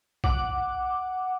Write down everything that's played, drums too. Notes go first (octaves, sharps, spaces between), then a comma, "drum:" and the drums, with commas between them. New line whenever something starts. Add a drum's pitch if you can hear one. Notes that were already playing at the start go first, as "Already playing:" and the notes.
F#5 D6, drum: kick A#1